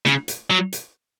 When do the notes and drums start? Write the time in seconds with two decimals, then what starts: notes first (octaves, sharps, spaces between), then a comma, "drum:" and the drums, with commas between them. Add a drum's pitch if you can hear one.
0.06 C#3, drum: snare
0.28 drum: hi-hat
0.50 F#3
0.73 drum: hi-hat